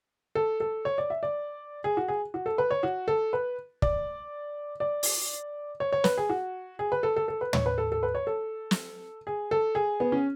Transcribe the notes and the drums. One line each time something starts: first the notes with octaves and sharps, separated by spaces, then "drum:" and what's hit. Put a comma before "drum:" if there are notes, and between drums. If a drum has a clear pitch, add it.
A4
A4
C#5
D5
E5
D5
G#4
F#4
G#4
F#4
A4
B4
C#5
F#4
A4
B4
D5, drum: kick
D5
drum: open hi-hat
C#5
C#5
B4, drum: snare
G#4
F#4
G#4
B4
A4
A4
A4
B4
C#5, drum: tom
B4
A4
A4
B4
C#5
A4
drum: snare
G#4
A4
G#4
B3
C#4